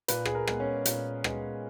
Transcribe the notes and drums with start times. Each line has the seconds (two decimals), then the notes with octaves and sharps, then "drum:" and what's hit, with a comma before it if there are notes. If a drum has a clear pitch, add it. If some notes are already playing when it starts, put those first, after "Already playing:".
0.08 A#2 B4, drum: hi-hat
0.25 G#4, drum: rim click
0.35 A#4
0.47 G#3 B3, drum: rim click
0.60 C#4
0.85 A#2, drum: hi-hat
1.24 G#3 B3, drum: rim click